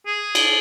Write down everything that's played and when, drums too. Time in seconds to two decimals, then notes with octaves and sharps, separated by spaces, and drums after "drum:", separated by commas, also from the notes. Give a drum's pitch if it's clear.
0.07 G#4
0.35 drum: cymbal